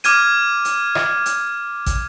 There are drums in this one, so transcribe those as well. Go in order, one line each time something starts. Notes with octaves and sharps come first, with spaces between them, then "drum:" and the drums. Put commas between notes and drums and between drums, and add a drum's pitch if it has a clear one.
D6 F6 G#6 D#7, drum: hi-hat
drum: hi-hat
drum: rim click
drum: hi-hat
drum: kick, hi-hat